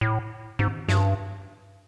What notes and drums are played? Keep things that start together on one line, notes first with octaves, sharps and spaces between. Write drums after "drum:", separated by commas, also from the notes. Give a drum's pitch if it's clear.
A2
G#2, drum: tom
G2, drum: snare